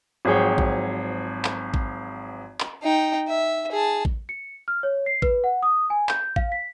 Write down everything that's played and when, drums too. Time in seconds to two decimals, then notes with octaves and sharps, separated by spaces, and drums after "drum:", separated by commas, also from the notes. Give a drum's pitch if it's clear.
0.25 G#1 F3 F#3 G#4 C#5 G5
0.58 drum: kick A1
1.45 drum: clap
1.74 drum: kick A1
2.60 drum: clap
2.83 D#4 G5
3.27 E5
3.72 G#4 A5
4.05 drum: kick A1
4.29 C#7
4.68 F6
4.83 C#5
5.06 C7
5.22 B4, drum: kick A1
5.44 F#5
5.62 D#6
5.90 G#5
6.09 G6, drum: clap
6.36 F5, drum: kick A1
6.52 B6